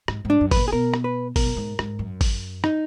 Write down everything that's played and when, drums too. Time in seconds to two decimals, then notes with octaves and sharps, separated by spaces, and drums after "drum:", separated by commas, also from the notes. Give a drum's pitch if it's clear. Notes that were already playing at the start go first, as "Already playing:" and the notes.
0.08 G#2, drum: rim click
0.25 G#2
0.30 D4
0.41 F#2
0.51 A#2 B4, drum: kick G#1, open hi-hat
0.68 G#4
0.72 B2 A#4
0.94 drum: rim click
1.04 B4
1.36 B2 A#4, drum: kick G#1, open hi-hat
1.47 F#2
1.57 G#2
1.79 G#2, drum: rim click
1.99 F#2
2.21 drum: kick G#1, open hi-hat
2.64 D#4, drum: rim click